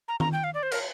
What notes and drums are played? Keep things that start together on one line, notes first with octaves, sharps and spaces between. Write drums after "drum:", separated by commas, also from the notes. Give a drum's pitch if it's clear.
A#5
A#5, drum: tom D#3
G5
F5
D5
C5
A#4, drum: cymbal